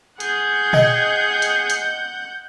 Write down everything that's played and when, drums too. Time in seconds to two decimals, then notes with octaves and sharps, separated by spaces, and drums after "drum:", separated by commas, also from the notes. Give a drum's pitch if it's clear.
0.20 G#4 F#5 G6, drum: hi-hat
0.73 D#5 G5 G#6, drum: tom A#2
1.42 drum: hi-hat
1.70 drum: hi-hat